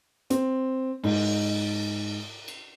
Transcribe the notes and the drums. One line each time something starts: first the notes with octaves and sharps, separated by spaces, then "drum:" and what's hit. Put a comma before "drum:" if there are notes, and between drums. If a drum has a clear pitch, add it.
C4, drum: hi-hat
G#2, drum: cymbal
drum: cymbal